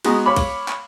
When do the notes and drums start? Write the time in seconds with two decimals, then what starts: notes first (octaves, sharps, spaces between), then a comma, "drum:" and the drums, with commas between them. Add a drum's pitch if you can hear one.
0.05 G#3 B3 D#4 F#4 G#4, drum: cymbal
0.26 C#5 F5 B5 D6
0.36 drum: kick, cymbal
0.68 drum: clap